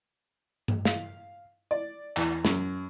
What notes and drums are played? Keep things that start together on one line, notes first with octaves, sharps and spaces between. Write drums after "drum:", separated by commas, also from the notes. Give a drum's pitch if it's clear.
drum: tom G2
F5, drum: snare
D5
E2, drum: clap
F#2, drum: snare